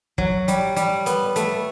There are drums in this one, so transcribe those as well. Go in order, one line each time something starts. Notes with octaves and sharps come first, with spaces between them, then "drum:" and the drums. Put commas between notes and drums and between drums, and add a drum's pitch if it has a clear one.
F#3, drum: kick
G3, drum: hi-hat
G3, drum: hi-hat
B3, drum: hi-hat
A3, drum: hi-hat